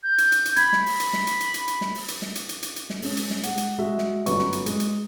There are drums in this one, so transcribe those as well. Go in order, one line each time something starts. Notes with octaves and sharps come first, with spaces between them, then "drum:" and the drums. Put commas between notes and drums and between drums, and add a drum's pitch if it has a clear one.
G6
drum: hi-hat
drum: hi-hat
drum: hi-hat
B5 G#6, drum: hi-hat
drum: snare
drum: open hi-hat
drum: hi-hat
drum: snare
drum: hi-hat
drum: hi-hat
drum: hi-hat
drum: hi-hat
drum: snare
drum: open hi-hat
drum: hi-hat
drum: snare
drum: hi-hat
drum: hi-hat
drum: hi-hat
drum: hi-hat
drum: snare
G#3 C#4, drum: open hi-hat
drum: hi-hat
drum: snare
G#3 F#5, drum: hi-hat
drum: hi-hat
G#3 F#4 E5
drum: snare
G1 F#2 B3 F#4 C#6, drum: hi-hat
drum: snare
drum: hi-hat
G#3, drum: hi-hat
drum: hi-hat